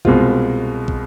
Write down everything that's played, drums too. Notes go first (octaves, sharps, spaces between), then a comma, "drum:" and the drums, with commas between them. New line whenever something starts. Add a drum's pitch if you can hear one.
C2 B2 G#3 C4 F4, drum: kick
drum: kick